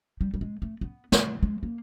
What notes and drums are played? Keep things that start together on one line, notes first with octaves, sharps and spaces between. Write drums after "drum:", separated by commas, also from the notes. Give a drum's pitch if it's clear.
G3
G3
G#3
A3
B3
A3, drum: snare
G#3
A#3